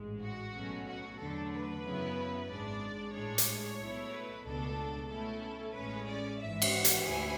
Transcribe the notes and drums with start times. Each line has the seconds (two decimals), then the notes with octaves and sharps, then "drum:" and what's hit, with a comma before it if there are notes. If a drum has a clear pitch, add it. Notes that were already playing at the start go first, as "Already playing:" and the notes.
Already playing: A1 G#2 G#3
0.22 F#4
0.54 B1 B2 F#3 A3 C#4
0.87 F#4
1.19 E2 D3 F#3 A3 D4 A4
1.52 B4
1.84 F#2 C#3 F#3 B3 E4
2.49 G#1 G#2 G#3 D4 D5
3.14 A2 G#3 D4 C#5
3.38 drum: hi-hat
3.79 B1 B2 A3 E4
4.11 B4
4.44 C#2 B2 A3 D4 A4
5.09 B2 A3 C#4 E4 A4
5.74 A1 A2 G#3 C#4 B4
6.07 D5
6.40 G#1 G#2 E3 E5
6.62 drum: cymbal
6.72 F#5
6.85 drum: hi-hat
7.05 D2 D3 A3 E4 G#5